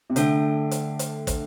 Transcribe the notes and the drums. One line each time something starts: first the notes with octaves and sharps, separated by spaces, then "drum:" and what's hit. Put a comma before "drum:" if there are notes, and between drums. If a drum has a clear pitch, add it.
C3
D3 A3 D4 A4 E5 G5, drum: hi-hat
drum: hi-hat
drum: hi-hat
drum: kick, hi-hat